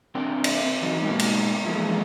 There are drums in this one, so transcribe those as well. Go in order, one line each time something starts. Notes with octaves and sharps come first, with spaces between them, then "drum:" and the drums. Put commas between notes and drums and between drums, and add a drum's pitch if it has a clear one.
C3 C4 D4 G4 A#4 G5
drum: cymbal
E2 F#3 D#4
G#2 B2 A#3 G4
drum: cymbal
A2 E3 F3 G#3 A#3